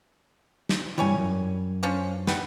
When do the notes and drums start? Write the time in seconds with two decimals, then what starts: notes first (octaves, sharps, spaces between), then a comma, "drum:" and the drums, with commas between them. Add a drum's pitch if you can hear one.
0.69 drum: snare
0.98 G2 E3 G3 C#5 G#5
1.18 F#2
1.83 F3 C#4 D4
2.27 G3 B3, drum: snare